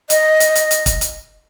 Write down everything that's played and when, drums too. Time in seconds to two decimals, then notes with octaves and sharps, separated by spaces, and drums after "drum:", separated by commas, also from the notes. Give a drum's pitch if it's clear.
0.10 D#5, drum: hi-hat
0.40 drum: hi-hat
0.55 drum: hi-hat
0.71 drum: hi-hat
0.86 drum: kick, hi-hat
1.01 drum: hi-hat